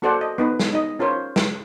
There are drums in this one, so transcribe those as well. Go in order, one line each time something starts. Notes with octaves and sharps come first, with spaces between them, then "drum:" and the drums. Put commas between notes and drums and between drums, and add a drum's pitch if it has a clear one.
A#3 F#4 A4 C5 D5 F#5
D#5
B3 D#4 B4
drum: snare
D#4 D#5
C#4 F4 A#4 C5 C#5
drum: snare